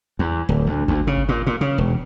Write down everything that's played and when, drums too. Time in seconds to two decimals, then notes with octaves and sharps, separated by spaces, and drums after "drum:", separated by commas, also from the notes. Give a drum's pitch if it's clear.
0.19 E2
0.49 D1
0.67 D2
0.88 D2, drum: kick G#1
1.07 C#3
1.17 drum: kick G#1
1.29 A#2
1.47 A#2
1.61 C#3
1.78 E1